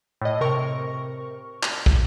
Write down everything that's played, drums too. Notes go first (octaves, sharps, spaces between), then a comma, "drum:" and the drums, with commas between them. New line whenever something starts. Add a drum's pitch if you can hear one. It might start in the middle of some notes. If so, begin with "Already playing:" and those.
A2 D#5
C3 A#4 C#6
drum: clap
drum: kick